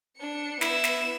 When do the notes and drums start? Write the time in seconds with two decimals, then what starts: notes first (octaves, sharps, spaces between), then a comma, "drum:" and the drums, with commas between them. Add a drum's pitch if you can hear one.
0.18 D4 C#7
0.61 B3 E4 E7, drum: snare
0.84 drum: snare